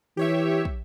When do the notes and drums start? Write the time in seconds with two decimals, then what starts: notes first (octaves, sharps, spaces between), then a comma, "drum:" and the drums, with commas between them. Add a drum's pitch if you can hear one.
0.17 E3 G4 C#5 E5
0.65 drum: kick